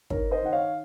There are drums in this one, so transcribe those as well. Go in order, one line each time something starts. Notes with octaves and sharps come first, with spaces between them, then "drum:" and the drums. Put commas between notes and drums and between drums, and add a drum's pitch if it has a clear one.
D#4 A#4 C#5, drum: kick
C5 D#5
D#3 F#5
C#5 F5